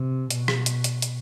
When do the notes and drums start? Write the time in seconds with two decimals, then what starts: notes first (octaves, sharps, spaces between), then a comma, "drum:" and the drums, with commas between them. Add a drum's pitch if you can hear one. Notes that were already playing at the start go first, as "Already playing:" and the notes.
Already playing: C3
0.31 B2, drum: hi-hat
0.48 drum: rim click
0.66 drum: hi-hat
0.84 drum: hi-hat
1.02 drum: hi-hat